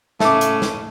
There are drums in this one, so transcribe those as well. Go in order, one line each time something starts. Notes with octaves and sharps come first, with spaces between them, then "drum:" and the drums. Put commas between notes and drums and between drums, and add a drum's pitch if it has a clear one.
A2 C#3 A3 C#4 E5 D6, drum: snare
drum: hi-hat
drum: snare